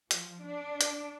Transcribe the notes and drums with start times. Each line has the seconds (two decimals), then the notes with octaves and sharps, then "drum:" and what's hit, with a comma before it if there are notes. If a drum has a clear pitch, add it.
0.11 F3, drum: hi-hat
0.42 D4
0.81 drum: hi-hat